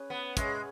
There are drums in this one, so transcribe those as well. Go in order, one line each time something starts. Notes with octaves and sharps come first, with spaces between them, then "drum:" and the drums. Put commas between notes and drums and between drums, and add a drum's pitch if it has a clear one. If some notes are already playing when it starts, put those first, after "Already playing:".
Already playing: C#4 G#4 B4
B3
G#3 C#4 G#4 C#5 E5, drum: kick, hi-hat